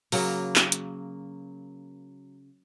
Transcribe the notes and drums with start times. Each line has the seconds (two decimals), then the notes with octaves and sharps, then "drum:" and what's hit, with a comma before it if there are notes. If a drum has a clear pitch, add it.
0.12 C#3 F#3 A#3, drum: open hi-hat
0.56 drum: clap
0.72 drum: hi-hat